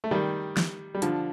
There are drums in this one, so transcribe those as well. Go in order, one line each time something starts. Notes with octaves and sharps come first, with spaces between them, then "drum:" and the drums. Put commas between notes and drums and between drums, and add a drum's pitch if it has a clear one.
A3
D#3 G3
drum: snare
G3
D3 F3, drum: hi-hat